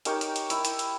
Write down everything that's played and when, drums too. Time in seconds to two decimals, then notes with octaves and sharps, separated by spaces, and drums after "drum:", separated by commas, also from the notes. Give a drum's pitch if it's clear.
0.05 D#4 G4 A#4 C#5, drum: hi-hat
0.21 drum: hi-hat
0.36 drum: hi-hat
0.50 E4, drum: hi-hat
0.65 drum: hi-hat
0.79 drum: hi-hat